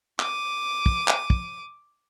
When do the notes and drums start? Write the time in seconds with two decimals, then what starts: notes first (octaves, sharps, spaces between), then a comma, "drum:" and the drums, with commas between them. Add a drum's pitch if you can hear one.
0.19 D6 D#7, drum: clap
0.86 drum: kick
1.08 drum: clap
1.30 drum: kick